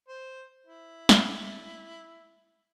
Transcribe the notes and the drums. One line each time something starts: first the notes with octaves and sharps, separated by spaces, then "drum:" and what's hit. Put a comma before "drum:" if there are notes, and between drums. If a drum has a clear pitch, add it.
C5
E4
drum: snare